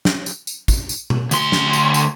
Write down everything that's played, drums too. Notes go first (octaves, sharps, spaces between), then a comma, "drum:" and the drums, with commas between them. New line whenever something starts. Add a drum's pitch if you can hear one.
drum: snare
drum: tambourine
drum: tambourine
drum: kick, tambourine
drum: tambourine
drum: tom B2
D2 C6, drum: tambourine
drum: snare
drum: tambourine
drum: tambourine